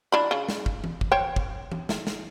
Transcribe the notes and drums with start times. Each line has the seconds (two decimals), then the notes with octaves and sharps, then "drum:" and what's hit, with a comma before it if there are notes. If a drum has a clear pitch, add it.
0.12 E3 D4 B5
0.31 C#3
0.49 drum: snare
0.66 drum: kick
0.84 drum: tom E3
1.01 drum: kick
1.12 C5 C#5 G5
1.36 drum: kick
1.72 drum: tom E3
1.89 drum: snare
2.07 drum: snare